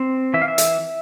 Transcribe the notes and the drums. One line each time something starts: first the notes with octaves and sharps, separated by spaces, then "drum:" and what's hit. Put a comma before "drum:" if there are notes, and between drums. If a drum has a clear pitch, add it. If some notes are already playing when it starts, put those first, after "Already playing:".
Already playing: C4
E3 E5
F5
E5
drum: hi-hat